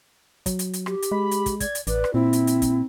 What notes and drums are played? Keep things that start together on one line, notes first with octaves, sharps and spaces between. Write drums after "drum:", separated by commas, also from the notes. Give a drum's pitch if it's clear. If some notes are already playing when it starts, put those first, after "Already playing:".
F#3, drum: kick, hi-hat
drum: hi-hat
drum: hi-hat
G4, drum: rim click
drum: hi-hat
G#3 B5
drum: hi-hat
drum: kick, hi-hat
D5 G#6, drum: kick, hi-hat
drum: hi-hat
A1 B4 D5, drum: hi-hat
drum: rim click
A#2 C4 E4
drum: hi-hat
drum: hi-hat
drum: kick, hi-hat